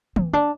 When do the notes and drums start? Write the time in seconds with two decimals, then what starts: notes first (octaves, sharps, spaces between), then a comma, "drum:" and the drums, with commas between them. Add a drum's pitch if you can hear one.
0.16 C4, drum: tom
0.33 D4